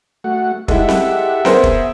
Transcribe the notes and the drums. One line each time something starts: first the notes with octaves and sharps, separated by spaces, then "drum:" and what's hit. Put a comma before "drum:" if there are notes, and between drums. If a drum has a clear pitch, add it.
A3 F#4 F#5
G#3 E4 G4 A4 E5 F#5, drum: kick
drum: snare C4
B3 G#4 A#4 C5, drum: snare C4
drum: kick